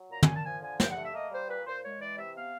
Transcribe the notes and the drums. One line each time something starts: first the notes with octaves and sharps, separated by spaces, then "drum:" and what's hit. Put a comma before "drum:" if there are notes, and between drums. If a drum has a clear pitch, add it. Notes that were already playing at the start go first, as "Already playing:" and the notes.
Already playing: F#3
A#2 A#5
G#5, drum: tom
A#2
A5
F3 G#5
D3 G#5
G2 G5, drum: snare
F#5
A3
E5
A#3 D#5
G3 C5
A#2 B4
A#2 C5
G#3 C#5
E3 D5
C3 E5
B3 F5